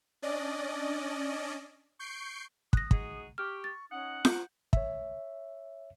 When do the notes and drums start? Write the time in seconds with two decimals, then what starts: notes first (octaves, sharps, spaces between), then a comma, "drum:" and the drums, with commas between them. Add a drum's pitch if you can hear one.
0.22 C#4 D4 D5 D#5
1.99 C#6 G6 C7 D7
2.73 D#6 F#6 A#6, drum: kick
2.91 D#4 F#4 G#4, drum: kick
3.38 G4 C#6 F6
3.64 A6
3.91 C#4 D#4 F#5 D#6
4.25 A#5 G6, drum: snare F4
4.73 C#5 E5, drum: kick